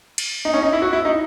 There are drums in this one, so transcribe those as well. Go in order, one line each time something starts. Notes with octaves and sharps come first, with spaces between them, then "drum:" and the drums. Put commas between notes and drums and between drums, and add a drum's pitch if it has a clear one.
drum: cymbal
D#4
C#4
D#4
E4
F#4
E4
D#4